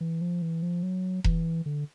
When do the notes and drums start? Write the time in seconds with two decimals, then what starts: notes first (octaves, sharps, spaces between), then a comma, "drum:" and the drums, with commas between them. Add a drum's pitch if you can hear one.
0.01 E3
0.21 F3
0.42 E3
0.62 F3
0.83 F#3
1.24 E3, drum: kick E1
1.66 D3